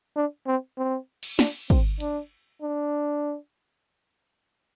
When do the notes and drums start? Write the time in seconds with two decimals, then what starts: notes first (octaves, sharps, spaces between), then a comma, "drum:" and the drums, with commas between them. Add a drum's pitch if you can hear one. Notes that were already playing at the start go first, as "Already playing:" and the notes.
0.16 D4
0.47 C4
0.78 C4
1.23 drum: cymbal
1.39 D4, drum: snare
1.70 C4, drum: kick
2.00 D4, drum: hi-hat
2.62 D4